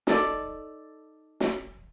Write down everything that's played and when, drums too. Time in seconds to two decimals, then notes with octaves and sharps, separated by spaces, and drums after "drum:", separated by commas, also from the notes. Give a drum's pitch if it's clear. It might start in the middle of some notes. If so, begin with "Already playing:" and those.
0.07 D#4 A4 D5, drum: snare
1.40 drum: snare